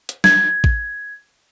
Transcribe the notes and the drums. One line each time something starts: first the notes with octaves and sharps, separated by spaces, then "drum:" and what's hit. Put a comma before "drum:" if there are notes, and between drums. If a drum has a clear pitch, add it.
drum: hi-hat
G#6, drum: snare
drum: kick A1